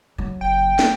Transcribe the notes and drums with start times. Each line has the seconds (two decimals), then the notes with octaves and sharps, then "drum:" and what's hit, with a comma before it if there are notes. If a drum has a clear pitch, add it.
0.18 F#3
0.41 F#1 G5
0.79 drum: snare